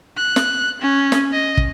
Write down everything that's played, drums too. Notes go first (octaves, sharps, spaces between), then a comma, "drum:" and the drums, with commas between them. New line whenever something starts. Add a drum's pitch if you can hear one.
F#6
drum: snare
C#4
drum: snare
D#5
drum: kick